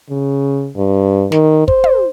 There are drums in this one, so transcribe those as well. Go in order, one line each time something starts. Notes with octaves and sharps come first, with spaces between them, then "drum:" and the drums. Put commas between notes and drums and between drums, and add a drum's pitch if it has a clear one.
C#3
G2
D#3, drum: snare
C5, drum: kick
drum: tom